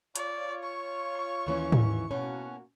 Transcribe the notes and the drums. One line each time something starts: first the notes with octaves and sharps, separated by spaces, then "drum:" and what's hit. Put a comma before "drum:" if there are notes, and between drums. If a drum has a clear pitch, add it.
F4 C#5 D5, drum: hi-hat
C#6
D#2 E3 C#4
drum: tom
B2 A#3 C#4 F#4